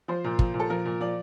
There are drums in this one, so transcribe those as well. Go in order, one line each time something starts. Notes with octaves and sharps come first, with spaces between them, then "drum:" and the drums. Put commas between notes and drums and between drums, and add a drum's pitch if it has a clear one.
F3 C5
A#2
F3, drum: kick
A#2
A4
F3 A#4
A#2
F3 D5